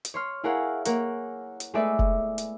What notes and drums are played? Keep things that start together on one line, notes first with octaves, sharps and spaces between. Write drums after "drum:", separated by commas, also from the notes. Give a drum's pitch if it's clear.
drum: hi-hat
C#5 C6 F6
E4 G#4 A#4 C#5 F5 F#5
A#3 A#4 C#5 F#5, drum: hi-hat
drum: hi-hat
G#3 A3 B3 B4 D5 E5
drum: kick
drum: hi-hat